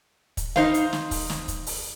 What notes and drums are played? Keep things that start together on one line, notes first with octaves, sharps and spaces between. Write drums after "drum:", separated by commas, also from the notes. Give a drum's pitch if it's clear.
drum: kick, hi-hat
D#4 C5 F5, drum: snare
drum: hi-hat
drum: snare
drum: kick, open hi-hat
drum: snare
drum: kick, hi-hat
drum: open hi-hat